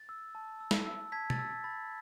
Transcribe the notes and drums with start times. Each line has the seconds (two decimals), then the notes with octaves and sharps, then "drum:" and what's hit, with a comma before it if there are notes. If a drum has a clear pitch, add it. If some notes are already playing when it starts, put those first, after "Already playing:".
Already playing: A6
0.09 E6
0.35 A5
0.61 E6
0.71 drum: snare
0.86 E6
1.12 A5 G#6 B6
1.30 A6, drum: tom B2
1.39 E6
1.64 B5 A6